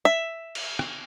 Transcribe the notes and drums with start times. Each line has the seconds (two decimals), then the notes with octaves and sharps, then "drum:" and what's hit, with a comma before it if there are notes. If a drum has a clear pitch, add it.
0.05 E5
0.55 drum: cymbal
0.79 drum: rim click